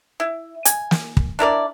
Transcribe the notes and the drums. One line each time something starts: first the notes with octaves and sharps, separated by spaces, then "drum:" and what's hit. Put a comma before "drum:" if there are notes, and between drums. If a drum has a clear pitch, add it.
E4
G#5, drum: hi-hat
drum: snare
drum: kick
D4 E4 A#4 D5